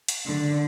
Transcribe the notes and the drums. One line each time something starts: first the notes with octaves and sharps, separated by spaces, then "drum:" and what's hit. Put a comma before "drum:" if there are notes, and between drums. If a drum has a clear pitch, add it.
drum: hi-hat
D3